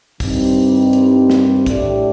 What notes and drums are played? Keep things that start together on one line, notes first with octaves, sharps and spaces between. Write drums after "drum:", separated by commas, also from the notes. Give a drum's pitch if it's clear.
G2 D#3 G3 C4 D#4, drum: kick, open hi-hat
drum: hi-hat
drum: snare
A2 A3 D4 G4 D5, drum: kick, hi-hat